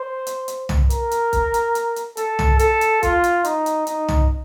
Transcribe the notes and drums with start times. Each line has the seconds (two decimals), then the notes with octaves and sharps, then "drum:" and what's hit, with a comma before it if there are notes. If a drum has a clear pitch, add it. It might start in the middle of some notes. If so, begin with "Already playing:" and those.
Already playing: C5
0.27 drum: hi-hat
0.48 drum: hi-hat
0.69 drum: tom
0.90 A#4, drum: hi-hat
1.11 drum: hi-hat
1.33 drum: kick, hi-hat
1.54 drum: hi-hat
1.75 drum: hi-hat
1.96 drum: hi-hat
2.17 A4, drum: hi-hat
2.39 drum: tom
2.59 A4, drum: hi-hat
2.81 drum: hi-hat
3.03 F4, drum: kick, hi-hat
3.24 drum: hi-hat
3.45 D#4, drum: hi-hat
3.66 drum: hi-hat
3.87 D#4, drum: hi-hat
4.08 drum: tom